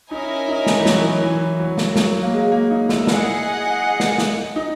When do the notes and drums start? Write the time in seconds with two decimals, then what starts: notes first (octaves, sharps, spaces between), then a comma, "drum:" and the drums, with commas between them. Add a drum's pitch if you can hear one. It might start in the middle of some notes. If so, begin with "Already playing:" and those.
0.11 C#4 D#4 E4 A#4 D#5 G#5
0.48 D#4
0.67 drum: snare
0.79 E3
0.86 F#3, drum: snare
1.22 E3
1.60 F#3
1.78 drum: snare
1.96 F#3, drum: snare
2.23 A#3
2.34 G#3
2.52 A#3
2.71 D#4
2.89 E4, drum: snare
3.07 G#4 D#5 F#5, drum: snare
4.00 drum: snare
4.18 drum: snare
4.56 D#4